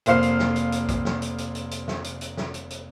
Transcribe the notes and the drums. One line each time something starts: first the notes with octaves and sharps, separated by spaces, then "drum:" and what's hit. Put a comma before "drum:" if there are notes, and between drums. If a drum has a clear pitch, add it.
F1 A#3 C5 F5 F6 C7, drum: hi-hat
drum: hi-hat
drum: snare
drum: hi-hat
drum: hi-hat
drum: kick, hi-hat
drum: snare
drum: hi-hat
drum: hi-hat
drum: hi-hat
drum: hi-hat
drum: snare
drum: hi-hat
drum: hi-hat
drum: snare
drum: hi-hat
drum: hi-hat